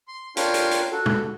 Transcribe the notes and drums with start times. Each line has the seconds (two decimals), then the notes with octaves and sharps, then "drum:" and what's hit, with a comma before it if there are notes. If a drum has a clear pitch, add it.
0.08 C6
0.37 D4 F4 A#4 C#5 G5 C6, drum: hi-hat
0.54 drum: hi-hat
0.71 drum: hi-hat
0.92 F#4 A4
1.06 drum: tom B2